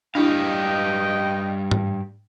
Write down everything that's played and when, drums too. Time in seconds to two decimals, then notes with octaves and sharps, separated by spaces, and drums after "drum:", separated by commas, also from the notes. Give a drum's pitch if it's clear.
0.15 G2 D4 E4 G4 D#5 F5 G5
1.71 drum: tom G#2